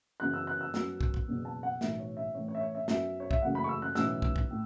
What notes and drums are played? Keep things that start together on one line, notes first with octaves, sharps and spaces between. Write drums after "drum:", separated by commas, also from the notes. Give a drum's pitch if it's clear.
F#2 C#3 E3 B3 F#6
E6
F#6
E6
F#2 F#3 B3 E6, drum: snare
drum: kick
drum: kick
F#1 E2 B2 B3
A5
F#5
B1 A2 E3 E5, drum: snare
C#5
E5
A1 A2 E3 C#5
C#5
E5
C#5
E5
F#2 F#3 B3 E5, drum: snare
C#5
E5, drum: kick
F#1 F#2 C#3 E3 A3 F#5
B5
C#6
E6
F#6
B1 A2 E3 C#4 E6, drum: snare
drum: kick
drum: kick
A2